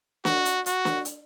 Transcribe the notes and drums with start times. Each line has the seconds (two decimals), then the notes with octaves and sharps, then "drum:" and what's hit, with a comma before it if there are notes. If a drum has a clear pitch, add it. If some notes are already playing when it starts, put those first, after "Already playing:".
0.25 F#4, drum: snare
0.45 drum: hi-hat
0.66 F#4, drum: hi-hat
0.85 drum: snare
1.05 drum: hi-hat